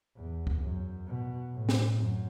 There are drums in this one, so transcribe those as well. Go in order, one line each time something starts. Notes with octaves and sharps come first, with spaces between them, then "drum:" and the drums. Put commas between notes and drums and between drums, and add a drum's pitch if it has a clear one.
E2
drum: kick C#2
F#2
B2
A2
drum: snare
F#2